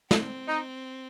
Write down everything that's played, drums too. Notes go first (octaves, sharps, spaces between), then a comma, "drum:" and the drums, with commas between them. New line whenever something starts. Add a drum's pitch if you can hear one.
C4, drum: snare
D#4